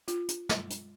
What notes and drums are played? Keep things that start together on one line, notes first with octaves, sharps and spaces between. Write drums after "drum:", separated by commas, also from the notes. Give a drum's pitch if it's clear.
F4, drum: hi-hat
drum: hi-hat
drum: snare
drum: hi-hat